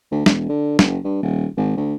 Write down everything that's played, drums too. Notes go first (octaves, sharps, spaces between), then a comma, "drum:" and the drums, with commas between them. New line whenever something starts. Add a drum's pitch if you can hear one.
D2
E1, drum: snare
D3
F#1, drum: snare
G2
D#1
G#1
D2